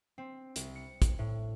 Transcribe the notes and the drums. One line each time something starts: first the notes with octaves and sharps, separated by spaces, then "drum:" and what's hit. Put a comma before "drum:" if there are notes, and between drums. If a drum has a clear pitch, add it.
C4
C2, drum: hi-hat
C#7
drum: kick, hi-hat
A2